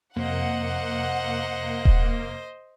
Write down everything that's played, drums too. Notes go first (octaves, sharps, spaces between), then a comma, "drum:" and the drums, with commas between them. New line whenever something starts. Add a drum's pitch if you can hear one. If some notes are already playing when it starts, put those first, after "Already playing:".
F2 C3 A#3 C5 D#5 F#5
drum: kick D#1